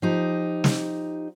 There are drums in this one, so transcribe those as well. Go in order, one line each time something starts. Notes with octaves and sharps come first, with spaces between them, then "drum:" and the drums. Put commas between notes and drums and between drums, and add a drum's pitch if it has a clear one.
F3 D#4 G4
drum: snare